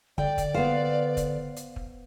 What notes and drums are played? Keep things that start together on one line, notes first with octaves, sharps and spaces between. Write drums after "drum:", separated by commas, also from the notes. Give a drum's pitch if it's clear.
D3 D5 G5, drum: kick
drum: kick, hi-hat
B3 C5 F5
drum: kick, hi-hat
drum: hi-hat
drum: kick